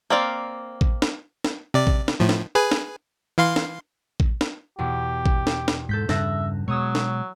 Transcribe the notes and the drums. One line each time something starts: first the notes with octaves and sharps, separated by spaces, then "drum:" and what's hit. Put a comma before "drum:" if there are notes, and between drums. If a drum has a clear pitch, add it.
A#3 C4 D5 F5
drum: kick A1
drum: snare
drum: snare
C3 D5
drum: kick A1
drum: snare
A2 F3
drum: snare
G#4 B4 G#5
drum: snare
E3 F5 C6
drum: snare
drum: kick A1
drum: snare
E2 B2 G4
drum: kick A1
drum: snare
drum: snare
G#2 A4 G6 B6
G2 C#3 E5 A5 F#6 A#6, drum: snare
B2 F#3 G#3 C#5 D#6 E6
drum: snare